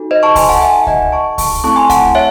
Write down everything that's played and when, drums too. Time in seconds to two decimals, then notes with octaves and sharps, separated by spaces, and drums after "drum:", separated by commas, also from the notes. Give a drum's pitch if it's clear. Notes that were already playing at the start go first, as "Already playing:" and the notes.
Already playing: D#4 F#4 A4
0.11 C5 D#5
0.23 A5 C#6
0.36 G#5 C6, drum: kick C#2, open hi-hat
0.49 F#5 A5
0.61 E5 G#5
0.83 G#5
0.87 D#5 F#5, drum: kick C#2
1.12 A5 C#6
1.38 A5 C#6, drum: kick C#2, open hi-hat
1.64 A3 C4 E4 A4 A5 C#6
1.76 G#5 C6
1.90 F#5 A5, drum: kick C#2, hi-hat
2.15 C#5 E5